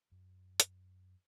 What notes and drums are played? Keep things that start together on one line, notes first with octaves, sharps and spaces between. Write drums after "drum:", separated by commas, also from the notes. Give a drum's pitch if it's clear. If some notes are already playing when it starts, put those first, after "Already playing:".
F#2
drum: hi-hat